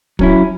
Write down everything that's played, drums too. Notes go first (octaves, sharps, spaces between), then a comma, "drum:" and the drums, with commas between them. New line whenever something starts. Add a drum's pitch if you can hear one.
F#3 C#4 E4, drum: kick